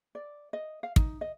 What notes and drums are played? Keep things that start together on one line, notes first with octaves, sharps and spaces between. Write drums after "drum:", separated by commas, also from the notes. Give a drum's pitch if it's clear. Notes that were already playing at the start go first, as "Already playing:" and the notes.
D5
D#5
F5
D#4, drum: kick
D#5